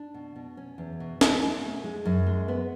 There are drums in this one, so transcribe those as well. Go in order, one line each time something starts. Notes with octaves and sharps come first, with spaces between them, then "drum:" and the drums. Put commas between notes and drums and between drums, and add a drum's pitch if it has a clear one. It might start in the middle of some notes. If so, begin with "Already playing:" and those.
Already playing: D4
B2
B2
C#4
E2
B2
B2, drum: snare
A3
G#4
G#3
F#2
G#3
B3